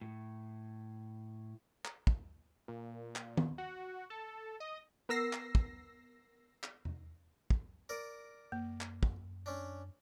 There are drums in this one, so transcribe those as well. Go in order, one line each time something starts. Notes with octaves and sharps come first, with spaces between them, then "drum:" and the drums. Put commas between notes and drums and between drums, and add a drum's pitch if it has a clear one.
A2
drum: clap
drum: kick
A#2
drum: clap
drum: tom D#3
F#4
A4
D#5
B3 A#4 E6 A#6 C7
drum: clap
drum: kick
drum: clap
drum: tom E2
drum: kick
A#4 D5
F#2 A#3
drum: clap
drum: kick
C#4 D4